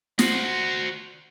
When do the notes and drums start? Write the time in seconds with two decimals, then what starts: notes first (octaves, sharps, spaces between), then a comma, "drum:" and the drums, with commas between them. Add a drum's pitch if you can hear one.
0.19 F#4 C5, drum: snare